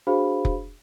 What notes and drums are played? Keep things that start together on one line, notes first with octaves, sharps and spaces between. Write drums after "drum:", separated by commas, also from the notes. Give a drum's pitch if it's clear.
D4 F#4 G#4 C5 F5 B5
drum: kick F1